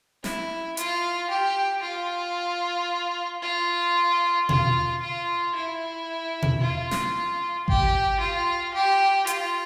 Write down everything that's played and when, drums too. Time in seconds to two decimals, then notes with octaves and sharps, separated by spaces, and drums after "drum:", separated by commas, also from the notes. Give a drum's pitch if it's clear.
0.24 E4, drum: snare
0.77 F4, drum: hi-hat
1.30 G4
1.83 F4
3.43 F4
4.49 F4, drum: tom B2
5.02 F4
5.55 E4
6.42 drum: tom B2
6.61 F4
6.91 drum: snare
7.68 G4, drum: kick G#1
8.20 F4
8.74 G4
9.27 F4, drum: hi-hat